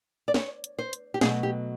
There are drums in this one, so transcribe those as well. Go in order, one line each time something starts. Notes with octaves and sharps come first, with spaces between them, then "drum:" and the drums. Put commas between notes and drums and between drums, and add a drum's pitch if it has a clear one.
D5
C#5, drum: snare
drum: hi-hat
C5
drum: hi-hat
G4
B2 F#3 A3 G#4, drum: snare
G4